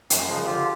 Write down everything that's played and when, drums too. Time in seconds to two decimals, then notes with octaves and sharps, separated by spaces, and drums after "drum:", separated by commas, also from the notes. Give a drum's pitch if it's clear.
0.10 F#2, drum: hi-hat
0.28 C#3 F3 G#3
0.46 D3 F4 G4